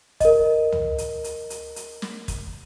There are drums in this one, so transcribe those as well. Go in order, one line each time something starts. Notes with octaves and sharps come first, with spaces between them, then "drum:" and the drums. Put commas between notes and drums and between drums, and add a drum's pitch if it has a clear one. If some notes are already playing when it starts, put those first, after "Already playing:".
A#4 D#5, drum: kick, hi-hat
drum: tom
drum: hi-hat
drum: hi-hat
drum: hi-hat
drum: hi-hat
drum: snare
drum: kick, hi-hat